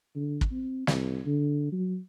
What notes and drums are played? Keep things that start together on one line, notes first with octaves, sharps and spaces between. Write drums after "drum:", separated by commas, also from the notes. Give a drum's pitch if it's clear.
D3
drum: kick
C4
C2, drum: snare
D3
F#3